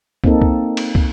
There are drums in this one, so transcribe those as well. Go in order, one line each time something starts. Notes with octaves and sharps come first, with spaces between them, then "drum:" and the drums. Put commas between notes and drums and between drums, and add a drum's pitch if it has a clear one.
A#3 C4 D#4 A4, drum: kick
drum: kick
drum: cymbal
drum: kick